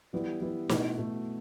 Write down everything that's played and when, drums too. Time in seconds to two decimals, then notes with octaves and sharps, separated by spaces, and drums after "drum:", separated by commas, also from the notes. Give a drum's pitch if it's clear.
0.13 E3 G3 B3 E4
0.40 E3 G3 B3 E4
0.69 B2 A3 E4, drum: snare
0.98 B2 A3 E4